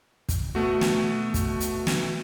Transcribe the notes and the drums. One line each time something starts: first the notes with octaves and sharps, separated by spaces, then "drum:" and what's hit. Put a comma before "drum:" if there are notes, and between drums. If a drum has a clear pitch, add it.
drum: kick, hi-hat
B2 A3 F#4
drum: snare
drum: kick, hi-hat
drum: hi-hat
drum: snare